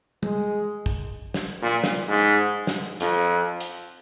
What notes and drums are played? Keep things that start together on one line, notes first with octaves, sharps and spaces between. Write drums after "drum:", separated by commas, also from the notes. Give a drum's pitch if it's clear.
G#3, drum: tom
drum: kick
drum: snare
A#2
drum: snare
G#2
drum: snare
F2, drum: hi-hat
drum: hi-hat